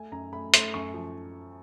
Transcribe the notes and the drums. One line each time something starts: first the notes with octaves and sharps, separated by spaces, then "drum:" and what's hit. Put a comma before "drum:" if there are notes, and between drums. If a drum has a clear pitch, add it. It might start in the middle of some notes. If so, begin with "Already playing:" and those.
Already playing: A3 G#5
F#2 A#5
A3 B5
A3 C6, drum: hi-hat
F#2 C#6
F3